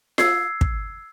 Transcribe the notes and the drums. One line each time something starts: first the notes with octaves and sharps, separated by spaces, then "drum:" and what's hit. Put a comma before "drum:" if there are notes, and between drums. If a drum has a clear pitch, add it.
E6 G#6 C7, drum: snare F4
drum: kick